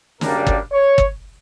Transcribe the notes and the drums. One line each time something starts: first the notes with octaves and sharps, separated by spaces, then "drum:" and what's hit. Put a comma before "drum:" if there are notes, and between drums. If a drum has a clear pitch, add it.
F#2 C#3 G3 A#3 D4 A#4, drum: snare
drum: kick
C#5
drum: kick